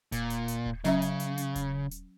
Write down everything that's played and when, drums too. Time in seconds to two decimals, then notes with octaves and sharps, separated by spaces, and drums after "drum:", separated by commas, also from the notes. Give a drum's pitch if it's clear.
0.12 A#2, drum: kick D#1, hi-hat
0.30 drum: hi-hat
0.48 drum: hi-hat
0.66 drum: kick D#1
0.84 C#3 F#3 C#4 E5, drum: snare
1.02 drum: hi-hat
1.20 drum: hi-hat
1.38 drum: hi-hat
1.55 drum: kick D#1, hi-hat
1.91 drum: hi-hat